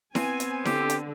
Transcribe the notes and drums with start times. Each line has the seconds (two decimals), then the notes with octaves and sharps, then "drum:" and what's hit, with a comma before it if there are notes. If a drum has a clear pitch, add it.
0.15 B3 C4 G#5, drum: snare E4
0.40 drum: hi-hat
0.65 D3 G4, drum: snare E4
0.90 drum: hi-hat